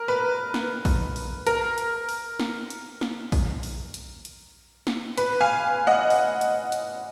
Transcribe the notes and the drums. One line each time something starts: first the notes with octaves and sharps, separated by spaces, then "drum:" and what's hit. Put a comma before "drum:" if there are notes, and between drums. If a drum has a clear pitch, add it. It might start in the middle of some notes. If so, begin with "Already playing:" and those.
Already playing: A#4
B4
drum: snare
drum: kick A#1, open hi-hat
drum: open hi-hat
A#4, drum: hi-hat
drum: hi-hat
drum: open hi-hat
drum: snare
drum: hi-hat
drum: snare
drum: kick A#1, open hi-hat
drum: open hi-hat
drum: hi-hat
drum: hi-hat
drum: snare
B4, drum: hi-hat
F5 G#5
D#5 F#5
drum: open hi-hat
drum: hi-hat
drum: hi-hat